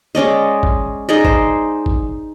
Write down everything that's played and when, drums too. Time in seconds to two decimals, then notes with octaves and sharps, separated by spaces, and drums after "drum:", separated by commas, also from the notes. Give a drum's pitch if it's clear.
0.15 G#3 C#4 D5 D#5
0.63 drum: kick
1.09 D#4 G#4 D5 D#5
1.25 C5, drum: kick
1.86 drum: kick